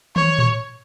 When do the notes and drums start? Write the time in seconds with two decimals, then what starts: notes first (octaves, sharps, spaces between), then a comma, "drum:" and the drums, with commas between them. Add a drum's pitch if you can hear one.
0.16 C#5, drum: tom
0.39 drum: tom A2